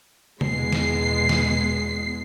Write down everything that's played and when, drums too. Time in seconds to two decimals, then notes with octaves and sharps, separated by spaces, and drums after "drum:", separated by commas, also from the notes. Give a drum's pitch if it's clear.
0.41 E2 B2 G#3 C7, drum: tom C3
0.72 drum: snare
1.29 drum: snare